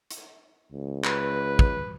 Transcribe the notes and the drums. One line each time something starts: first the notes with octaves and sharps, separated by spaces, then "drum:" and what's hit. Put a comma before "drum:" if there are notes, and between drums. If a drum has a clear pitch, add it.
drum: hi-hat
C#2
B4, drum: clap
drum: kick